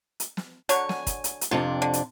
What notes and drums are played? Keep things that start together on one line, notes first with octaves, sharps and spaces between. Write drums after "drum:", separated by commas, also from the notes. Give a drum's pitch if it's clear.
drum: hi-hat
drum: snare
D3 F#3 C#5, drum: hi-hat
G#5, drum: snare
drum: kick, hi-hat
drum: hi-hat
drum: hi-hat
F2 C3 D4 F4
D3
drum: hi-hat